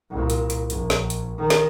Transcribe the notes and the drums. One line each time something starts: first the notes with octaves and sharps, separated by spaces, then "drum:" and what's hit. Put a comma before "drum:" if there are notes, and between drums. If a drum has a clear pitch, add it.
C2 A#2
drum: hi-hat
drum: hi-hat
A#1, drum: hi-hat
drum: snare
drum: hi-hat
D#3
drum: snare